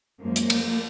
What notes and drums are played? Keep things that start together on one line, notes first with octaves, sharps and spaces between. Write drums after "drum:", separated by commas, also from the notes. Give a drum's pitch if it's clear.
F#2 F3 G#3 A#3
drum: hi-hat
drum: cymbal